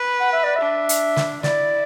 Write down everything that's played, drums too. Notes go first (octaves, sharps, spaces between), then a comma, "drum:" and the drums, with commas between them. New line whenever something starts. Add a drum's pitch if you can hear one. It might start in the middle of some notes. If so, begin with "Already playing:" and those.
Already playing: B4
F#5
E5
D5
E5
D4
drum: hi-hat
drum: snare
E4 D5, drum: snare